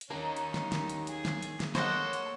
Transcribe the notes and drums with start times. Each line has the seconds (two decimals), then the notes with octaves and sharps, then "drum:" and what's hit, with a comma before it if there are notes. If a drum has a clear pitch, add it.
0.01 drum: hi-hat
0.10 D#3 A#3 C#4 D#4 A#5
0.36 drum: hi-hat
0.54 drum: snare
0.72 drum: snare
0.89 drum: hi-hat
1.07 G#4, drum: hi-hat
1.25 drum: snare
1.42 drum: hi-hat
1.60 drum: snare
1.75 A#3 A4 C5 C#5 D#5 F#5, drum: snare
2.13 drum: hi-hat